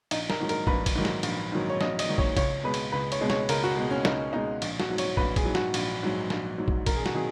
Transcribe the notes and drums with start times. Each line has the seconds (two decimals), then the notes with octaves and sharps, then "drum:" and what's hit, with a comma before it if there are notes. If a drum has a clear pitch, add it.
0.11 A#1 D#4, drum: cymbal
0.30 A#4, drum: snare
0.40 G#2 D#3 F#3
0.49 A#4, drum: cymbal
0.67 A#1 B4, drum: kick
0.86 drum: kick, cymbal
0.95 G#2 D#3 F#3
1.05 drum: snare
1.23 A#1, drum: cymbal
1.52 G#2 D#3 F#3
1.69 C#5
1.81 A#1 D#5, drum: snare
1.99 D#5, drum: cymbal
2.08 G#2 D#3 F#3
2.18 C#5, drum: kick
2.37 C#2 C#5, drum: kick, cymbal
2.64 B2 G#3 B4
2.74 drum: cymbal
2.92 C#2 B4
3.12 C#5, drum: cymbal
3.21 B2 G#3
3.30 C#5, drum: snare
3.49 C#2 A#4, drum: cymbal
3.63 F#4
3.76 B2 G#3
3.90 C#4
4.05 C#2 D#4, drum: snare
4.33 B2 G#3 D#4
4.62 A#1, drum: cymbal
4.80 F#4, drum: snare
4.89 G#2 F#3
4.98 C#5, drum: cymbal
5.17 A#1 B4, drum: kick
5.36 G#4, drum: kick, cymbal
5.45 G#2 F#3
5.55 F#4, drum: snare
5.74 A#1, drum: cymbal
6.03 G#2 F#3
6.30 A#1, drum: snare
6.58 G#2 F#3
6.68 drum: kick
6.86 E1 A#4, drum: kick, cymbal
6.96 G#4
7.06 F#4, drum: snare
7.14 D#3 F#3 G#4